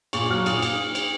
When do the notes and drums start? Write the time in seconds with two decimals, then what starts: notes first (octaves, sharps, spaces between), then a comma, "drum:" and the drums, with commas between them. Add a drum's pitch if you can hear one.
0.13 A#2 C#6, drum: cymbal
0.30 F#3 F6
0.46 A#2 D#6, drum: cymbal
0.62 drum: cymbal
0.95 drum: cymbal